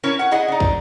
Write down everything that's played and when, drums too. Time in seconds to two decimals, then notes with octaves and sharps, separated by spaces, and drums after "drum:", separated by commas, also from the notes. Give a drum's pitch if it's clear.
0.04 C#4 E4 A#4 C#5
0.19 F#5
0.31 E4 G#4 D#5 F#5
0.48 D4 D#4
0.60 drum: kick